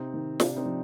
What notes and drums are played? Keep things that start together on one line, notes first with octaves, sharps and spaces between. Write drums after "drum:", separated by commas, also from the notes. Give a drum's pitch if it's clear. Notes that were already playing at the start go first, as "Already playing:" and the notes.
Already playing: C3 C4 D#4
D#3
C3 D4, drum: snare
C4 D#4
F3